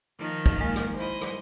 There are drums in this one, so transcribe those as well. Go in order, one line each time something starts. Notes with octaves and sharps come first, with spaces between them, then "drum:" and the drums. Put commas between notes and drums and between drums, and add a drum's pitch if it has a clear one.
D#3 F3
drum: kick
G#3 A#3
drum: rim click
E4 C5 D#5
drum: rim click